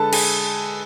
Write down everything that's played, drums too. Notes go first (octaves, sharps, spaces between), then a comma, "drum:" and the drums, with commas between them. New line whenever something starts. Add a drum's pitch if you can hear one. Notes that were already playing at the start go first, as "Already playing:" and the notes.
Already playing: D3 G#3 A4 B4 A5
G#4 G#5, drum: cymbal